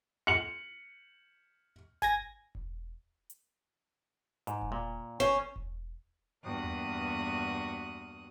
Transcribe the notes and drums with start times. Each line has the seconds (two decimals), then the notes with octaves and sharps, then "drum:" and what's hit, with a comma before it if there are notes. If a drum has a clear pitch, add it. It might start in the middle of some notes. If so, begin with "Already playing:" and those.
0.27 C#7 F#7
2.02 G#5 G#6 A#6, drum: snare G1
2.55 drum: kick E1
3.30 drum: hi-hat
4.47 G#2, drum: hi-hat
4.62 drum: kick E1
4.72 A#2
5.20 C#4 C5, drum: snare G1
5.56 drum: kick E1
6.43 E2 G2 A#3 F#4 D#6 F#6
6.64 drum: tom D#2